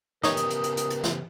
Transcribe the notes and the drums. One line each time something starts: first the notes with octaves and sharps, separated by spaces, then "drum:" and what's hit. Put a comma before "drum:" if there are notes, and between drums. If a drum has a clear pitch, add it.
C#3 B3 D#4 G4 A#4 C#5 D#6, drum: snare
drum: hi-hat
drum: hi-hat
drum: hi-hat
drum: hi-hat
drum: hi-hat
drum: snare